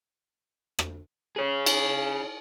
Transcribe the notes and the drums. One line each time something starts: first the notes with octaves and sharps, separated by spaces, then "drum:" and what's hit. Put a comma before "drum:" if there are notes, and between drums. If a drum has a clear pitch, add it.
drum: rim click
G#4 C#5
drum: cymbal